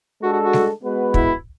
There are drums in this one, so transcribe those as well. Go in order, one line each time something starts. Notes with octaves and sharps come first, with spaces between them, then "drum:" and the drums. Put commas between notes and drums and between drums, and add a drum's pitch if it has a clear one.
G#3 D4 F#4 A4
F#4
F#4
drum: snare G3
G#3 B3 F#4 B4
E4, drum: kick